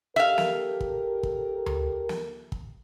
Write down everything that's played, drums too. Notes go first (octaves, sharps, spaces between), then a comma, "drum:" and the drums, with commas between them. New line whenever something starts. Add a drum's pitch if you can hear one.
G4 A4 A#4 E5 F5
drum: snare
drum: kick
drum: kick
drum: tom D2
drum: snare
drum: kick